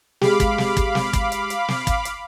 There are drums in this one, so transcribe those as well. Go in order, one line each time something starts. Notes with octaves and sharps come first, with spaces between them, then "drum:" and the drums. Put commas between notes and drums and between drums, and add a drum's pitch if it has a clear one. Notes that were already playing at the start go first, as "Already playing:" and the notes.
G#3 G4 F5 B5 D6, drum: snare
drum: kick, hi-hat
drum: snare
drum: kick, hi-hat
drum: snare
drum: kick, hi-hat
drum: hi-hat
drum: hi-hat
drum: snare
drum: kick, hi-hat
drum: hi-hat